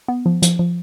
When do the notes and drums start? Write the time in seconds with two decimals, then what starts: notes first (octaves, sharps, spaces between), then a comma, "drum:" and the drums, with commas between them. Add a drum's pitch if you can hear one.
0.08 B3
0.26 F3
0.42 F3, drum: hi-hat
0.59 F3